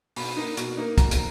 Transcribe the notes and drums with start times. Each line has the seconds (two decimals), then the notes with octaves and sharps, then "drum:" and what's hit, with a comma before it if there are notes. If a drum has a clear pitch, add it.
0.16 B2 B5, drum: open hi-hat
0.37 A#3 D#4
0.57 B2, drum: hi-hat
0.77 A#3 D#4
0.98 B2 A#5, drum: kick, hi-hat
1.11 drum: hi-hat